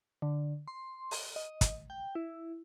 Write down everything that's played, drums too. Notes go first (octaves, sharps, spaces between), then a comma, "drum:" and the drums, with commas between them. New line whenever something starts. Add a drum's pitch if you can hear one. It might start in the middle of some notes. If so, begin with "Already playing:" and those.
D3
C6
drum: open hi-hat
D#5
drum: kick, hi-hat
G5
E4